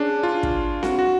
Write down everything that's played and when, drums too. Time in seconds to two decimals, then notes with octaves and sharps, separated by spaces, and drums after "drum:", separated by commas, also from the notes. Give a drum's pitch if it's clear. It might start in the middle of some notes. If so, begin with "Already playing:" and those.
Already playing: C#4 D4 G#4
0.23 F4
0.43 drum: kick
0.83 F#4, drum: snare C4
0.99 F#4